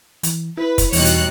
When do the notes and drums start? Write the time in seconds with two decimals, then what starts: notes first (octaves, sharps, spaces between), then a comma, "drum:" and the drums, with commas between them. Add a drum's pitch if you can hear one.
0.23 E3, drum: hi-hat
0.57 E4 B4
0.78 drum: kick, hi-hat
0.93 E2 B2 G3 D#4 C#5 F#6 C#7, drum: open hi-hat
1.05 drum: hi-hat